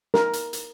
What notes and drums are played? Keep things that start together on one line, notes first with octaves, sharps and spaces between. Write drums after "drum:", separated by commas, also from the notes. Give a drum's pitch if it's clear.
A#4, drum: snare
drum: hi-hat
drum: hi-hat